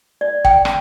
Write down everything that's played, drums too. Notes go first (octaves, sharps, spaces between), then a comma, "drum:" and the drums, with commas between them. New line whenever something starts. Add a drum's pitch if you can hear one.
D5
G5, drum: kick
drum: rim click